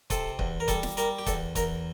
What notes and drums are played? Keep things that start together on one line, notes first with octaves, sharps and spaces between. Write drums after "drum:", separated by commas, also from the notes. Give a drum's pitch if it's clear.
C3 A4, drum: kick C#1, hi-hat
E2, drum: kick C#1
A#4
G3 A4, drum: kick C#1, hi-hat
drum: snare
G3 A#4, drum: hi-hat
G4
E2 A4, drum: kick C#1, hi-hat
E2 A#4, drum: kick C#1, hi-hat